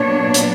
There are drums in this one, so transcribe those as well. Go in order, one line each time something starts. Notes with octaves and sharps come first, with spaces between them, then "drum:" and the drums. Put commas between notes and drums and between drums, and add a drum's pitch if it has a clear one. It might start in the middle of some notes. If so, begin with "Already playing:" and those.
Already playing: A#2 F#3 B3 D4 C#5
drum: hi-hat